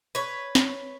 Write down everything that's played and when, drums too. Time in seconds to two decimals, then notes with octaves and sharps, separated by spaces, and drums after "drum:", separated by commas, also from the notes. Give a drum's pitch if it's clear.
0.15 B4 C#5
0.55 drum: snare